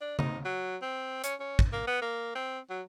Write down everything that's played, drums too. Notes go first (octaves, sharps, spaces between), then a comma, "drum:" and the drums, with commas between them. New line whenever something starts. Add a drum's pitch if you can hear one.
D4
D#4, drum: tom C#3
F#3
C4
C#4, drum: hi-hat
C#4
drum: kick
A#3
B3
A#3
C4
F#3